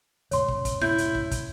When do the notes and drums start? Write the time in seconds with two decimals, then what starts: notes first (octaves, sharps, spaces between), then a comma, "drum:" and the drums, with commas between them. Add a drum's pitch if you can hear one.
0.31 E1 G#2 C#3 C#5 C6, drum: hi-hat
0.48 drum: kick
0.65 drum: kick, hi-hat
0.82 E4 G6, drum: snare E4
0.98 drum: hi-hat
1.15 drum: kick
1.31 drum: kick, hi-hat